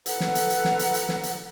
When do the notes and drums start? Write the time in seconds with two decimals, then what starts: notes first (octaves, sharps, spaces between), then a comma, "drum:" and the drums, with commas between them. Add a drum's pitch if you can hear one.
0.06 A4 B4 F#5 A#5, drum: hi-hat
0.20 drum: snare
0.35 drum: hi-hat
0.50 drum: hi-hat
0.65 drum: snare
0.79 drum: hi-hat
0.94 drum: hi-hat
1.09 drum: snare
1.23 drum: hi-hat